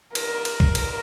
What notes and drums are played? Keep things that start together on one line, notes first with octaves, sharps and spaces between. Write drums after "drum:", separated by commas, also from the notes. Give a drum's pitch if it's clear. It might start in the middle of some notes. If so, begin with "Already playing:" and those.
A#4, drum: cymbal
drum: cymbal
drum: kick
drum: cymbal